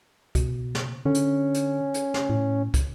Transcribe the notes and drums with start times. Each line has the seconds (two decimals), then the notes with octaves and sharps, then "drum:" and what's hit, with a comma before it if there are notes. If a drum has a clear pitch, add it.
0.35 B2, drum: kick, hi-hat
0.75 drum: snare
1.05 D3 C#4
1.15 drum: hi-hat
1.54 drum: hi-hat
1.94 drum: hi-hat
2.14 drum: snare
2.30 A2
2.74 drum: kick, hi-hat